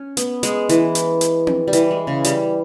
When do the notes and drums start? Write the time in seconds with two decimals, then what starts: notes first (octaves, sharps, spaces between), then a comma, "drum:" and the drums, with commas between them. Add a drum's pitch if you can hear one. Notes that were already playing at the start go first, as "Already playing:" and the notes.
Already playing: C#4
0.17 B3, drum: hi-hat
0.43 G#3, drum: hi-hat
0.69 E3, drum: hi-hat
0.95 drum: hi-hat
1.21 drum: hi-hat
1.47 drum: tom C4
1.68 G3
1.73 E3, drum: hi-hat
1.91 G#3
2.07 C#3
2.24 G3, drum: hi-hat